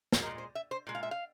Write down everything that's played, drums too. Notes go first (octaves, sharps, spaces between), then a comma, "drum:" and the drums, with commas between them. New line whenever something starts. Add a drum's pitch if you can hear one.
drum: snare
A#2 G#3 A#4
C5
E5
C5
A#2 G#3
F5
E5
F5